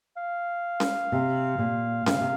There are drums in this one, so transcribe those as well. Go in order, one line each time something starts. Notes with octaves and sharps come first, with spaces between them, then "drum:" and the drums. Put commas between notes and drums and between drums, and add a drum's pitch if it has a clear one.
F5
drum: snare C#4
C3
A#2
C3 F5, drum: snare C#4
C#3
C3